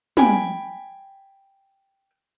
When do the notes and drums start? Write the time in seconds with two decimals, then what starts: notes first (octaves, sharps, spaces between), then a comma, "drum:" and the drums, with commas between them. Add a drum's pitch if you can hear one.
0.17 G5 G#5 B5, drum: tom